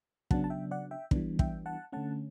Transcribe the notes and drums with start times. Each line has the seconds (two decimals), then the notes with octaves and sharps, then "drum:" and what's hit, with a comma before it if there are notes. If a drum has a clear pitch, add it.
0.31 C#3 F#3 B3 D4 F#5 A5, drum: kick
0.44 A5
0.50 E5 G5
0.71 D5 F#5
0.91 E5 G5
1.11 E3 G3 B3 D4, drum: kick
1.39 E5 G5, drum: kick
1.66 F#5 A5
1.92 D3 A3 C#4 F#5 A5